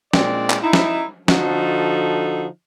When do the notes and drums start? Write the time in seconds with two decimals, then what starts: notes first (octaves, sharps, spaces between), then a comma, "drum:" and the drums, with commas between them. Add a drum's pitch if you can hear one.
0.13 A#2 G#3 C4 D4 D5, drum: snare
0.50 drum: clap
0.62 D#4 E4
0.73 drum: snare
1.28 D3 F3 D#4 F#4 A4, drum: snare